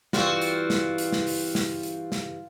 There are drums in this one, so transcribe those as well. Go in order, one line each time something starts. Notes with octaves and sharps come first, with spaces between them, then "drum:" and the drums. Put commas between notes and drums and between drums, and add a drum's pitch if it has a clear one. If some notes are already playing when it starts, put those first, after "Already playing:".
E3 G3 C4 F4 F#4, drum: snare
drum: hi-hat
drum: snare
drum: hi-hat
drum: snare
drum: open hi-hat
drum: snare
drum: hi-hat
drum: snare